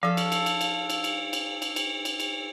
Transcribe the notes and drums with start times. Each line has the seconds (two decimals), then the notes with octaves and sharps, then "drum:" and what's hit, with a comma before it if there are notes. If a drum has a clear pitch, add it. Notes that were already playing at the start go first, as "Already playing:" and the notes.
0.03 F3 C#4 A4 F5
0.17 drum: cymbal
0.32 drum: cymbal
0.46 drum: cymbal
0.61 drum: cymbal
0.90 drum: cymbal
1.04 drum: cymbal
1.33 drum: cymbal
1.62 drum: cymbal
1.76 drum: cymbal
2.05 drum: cymbal
2.20 drum: cymbal